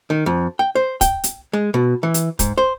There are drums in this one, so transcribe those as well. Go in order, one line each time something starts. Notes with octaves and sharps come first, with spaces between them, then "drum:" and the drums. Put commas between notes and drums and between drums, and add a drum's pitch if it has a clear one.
D#3
F2
G5
C5
G5, drum: kick, hi-hat
drum: hi-hat
G#3
B2
E3
drum: hi-hat
G#2, drum: kick, hi-hat
C5